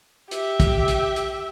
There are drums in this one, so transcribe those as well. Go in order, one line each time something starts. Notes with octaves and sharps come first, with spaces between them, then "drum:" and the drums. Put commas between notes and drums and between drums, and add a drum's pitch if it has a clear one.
G4 E5, drum: hi-hat
drum: kick, hi-hat
drum: hi-hat
drum: hi-hat